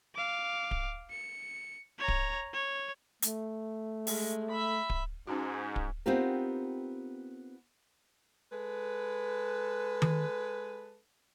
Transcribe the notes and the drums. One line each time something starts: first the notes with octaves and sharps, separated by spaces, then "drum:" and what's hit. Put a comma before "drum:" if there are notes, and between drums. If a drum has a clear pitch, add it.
F5 D6
drum: kick D1
C#7
C#5 A#5
drum: kick D1
C#5
A3, drum: hi-hat
G#3, drum: open hi-hat
E5 B5
drum: kick D1
G#2 C#4 D#4 F#4
drum: kick D1
B3 C4 D#4 F4 G4 A#4
G#3 A4 B4
drum: tom D#3